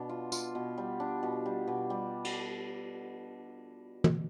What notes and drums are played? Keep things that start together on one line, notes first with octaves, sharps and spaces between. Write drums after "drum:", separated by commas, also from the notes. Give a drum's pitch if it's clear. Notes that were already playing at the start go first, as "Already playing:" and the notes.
Already playing: B2 D4
F4
F4, drum: tambourine
B2
G3
D4
B2
G3
B2
G3
drum: cymbal
drum: tom